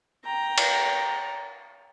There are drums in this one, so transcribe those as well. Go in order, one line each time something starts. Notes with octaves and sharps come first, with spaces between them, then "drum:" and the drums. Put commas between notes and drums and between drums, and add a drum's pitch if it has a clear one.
G5 A#5
drum: cymbal